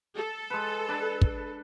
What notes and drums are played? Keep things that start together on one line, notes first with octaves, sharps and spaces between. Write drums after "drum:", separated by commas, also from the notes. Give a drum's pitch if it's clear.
A4
G#3 B4
D4 B4
drum: kick